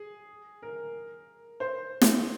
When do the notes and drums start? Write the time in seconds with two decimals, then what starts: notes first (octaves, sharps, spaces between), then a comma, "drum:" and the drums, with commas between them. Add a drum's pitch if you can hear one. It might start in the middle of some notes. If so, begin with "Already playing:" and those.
Already playing: G#4
0.62 A#4
1.60 C5
2.01 drum: snare